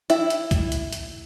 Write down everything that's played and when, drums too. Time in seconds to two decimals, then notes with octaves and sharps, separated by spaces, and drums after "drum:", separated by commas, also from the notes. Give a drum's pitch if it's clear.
0.10 E4, drum: hi-hat
0.30 drum: hi-hat
0.51 drum: kick, hi-hat
0.72 drum: hi-hat
0.93 drum: hi-hat